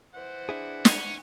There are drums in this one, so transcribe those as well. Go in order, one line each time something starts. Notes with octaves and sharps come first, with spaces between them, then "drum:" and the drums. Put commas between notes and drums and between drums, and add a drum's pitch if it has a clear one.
E3 C5 F#5
D4 E4 G#4
C#4, drum: snare